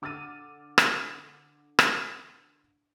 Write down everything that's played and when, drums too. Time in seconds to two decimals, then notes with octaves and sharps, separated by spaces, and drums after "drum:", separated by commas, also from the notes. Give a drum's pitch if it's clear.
0.02 D3 D6 E6 F6 A6 D#7
0.78 drum: rim click
1.79 drum: rim click